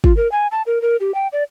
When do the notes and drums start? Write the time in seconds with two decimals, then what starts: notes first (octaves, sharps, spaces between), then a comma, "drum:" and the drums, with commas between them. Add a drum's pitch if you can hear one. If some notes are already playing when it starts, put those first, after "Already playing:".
0.04 F4, drum: kick
0.17 A#4
0.31 G#5
0.51 A5
0.66 A#4
0.82 A#4
1.00 G4
1.14 G5
1.33 D5